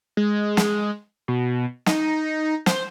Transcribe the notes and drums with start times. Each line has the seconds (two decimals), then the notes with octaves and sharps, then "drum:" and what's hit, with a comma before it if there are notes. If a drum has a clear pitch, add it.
0.17 G#3
0.57 drum: snare
1.28 B2
1.86 D#4, drum: snare
2.66 C5, drum: snare